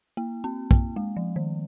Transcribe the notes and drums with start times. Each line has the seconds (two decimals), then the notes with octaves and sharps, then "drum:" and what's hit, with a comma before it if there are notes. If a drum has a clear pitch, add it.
0.17 A#3
0.44 C4
0.71 A#3, drum: kick
0.96 G#3
1.17 F3
1.36 D#3